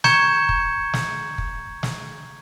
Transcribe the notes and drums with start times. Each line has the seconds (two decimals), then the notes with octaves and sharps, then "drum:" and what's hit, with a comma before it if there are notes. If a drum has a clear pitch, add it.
0.04 A#5 C#6 G6 G#6 C#7 E7, drum: snare
0.49 drum: kick
0.93 drum: snare
1.38 drum: kick
1.83 drum: snare